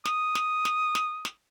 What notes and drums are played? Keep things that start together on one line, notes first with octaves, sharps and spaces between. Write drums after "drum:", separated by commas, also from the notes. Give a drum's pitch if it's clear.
D#6, drum: snare
drum: snare
drum: snare
drum: snare
drum: snare